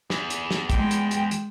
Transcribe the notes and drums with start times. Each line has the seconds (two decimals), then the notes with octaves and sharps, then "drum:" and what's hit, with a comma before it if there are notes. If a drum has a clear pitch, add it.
0.10 E2, drum: snare
0.30 drum: hi-hat
0.51 drum: snare
0.70 G#3 G5, drum: kick, hi-hat
0.91 drum: hi-hat
1.11 drum: hi-hat
1.31 drum: hi-hat